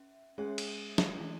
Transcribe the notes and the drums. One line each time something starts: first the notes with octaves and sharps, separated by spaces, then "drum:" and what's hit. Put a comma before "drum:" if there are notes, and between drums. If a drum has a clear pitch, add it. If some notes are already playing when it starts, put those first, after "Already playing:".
Already playing: C#4 E5
G#3 C#4 G#4 C#5 E5
drum: cymbal
drum: snare
E3 A3 E4